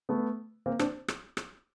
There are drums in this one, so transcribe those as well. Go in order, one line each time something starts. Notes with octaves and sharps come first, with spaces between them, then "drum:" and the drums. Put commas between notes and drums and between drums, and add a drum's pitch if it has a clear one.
A3 B3
A#3 C4
C4 D4, drum: rim click
drum: rim click
drum: rim click